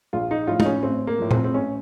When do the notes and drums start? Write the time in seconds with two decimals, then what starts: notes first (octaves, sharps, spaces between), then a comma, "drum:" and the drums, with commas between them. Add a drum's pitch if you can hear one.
0.13 A#1 F4
0.31 D#4
0.47 A2 F3 F4
0.60 D#4, drum: tom
0.66 C#4
0.83 A1 C4
1.07 A#3
1.19 A2 F3
1.31 C4, drum: tom A#2
1.44 C4
1.54 A1 C#4